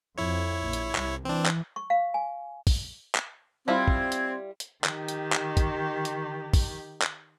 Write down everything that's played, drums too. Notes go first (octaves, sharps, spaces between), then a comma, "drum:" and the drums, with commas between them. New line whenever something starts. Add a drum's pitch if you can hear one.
F2 E4 C#5
A#1
drum: hi-hat
C2, drum: clap
E3 C4 D4
drum: clap
C#6
F5
G#5
drum: kick, open hi-hat
drum: clap
G3 C4 E4 F4 G#6
drum: kick
drum: hi-hat
drum: hi-hat
D#3 G4, drum: clap
drum: hi-hat
drum: clap
drum: kick, hi-hat
drum: hi-hat
drum: kick, open hi-hat
drum: clap